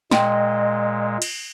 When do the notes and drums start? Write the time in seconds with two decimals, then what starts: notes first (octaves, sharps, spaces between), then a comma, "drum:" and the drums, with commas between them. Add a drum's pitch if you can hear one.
0.11 A#2 G#3 D#5 G5 C6, drum: snare
1.22 drum: cymbal